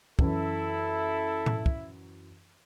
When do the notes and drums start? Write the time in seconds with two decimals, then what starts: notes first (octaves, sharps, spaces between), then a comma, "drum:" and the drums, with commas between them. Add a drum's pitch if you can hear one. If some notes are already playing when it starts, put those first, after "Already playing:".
0.19 F#2 E3 E4 A4, drum: kick
1.46 drum: tom A2
1.66 drum: kick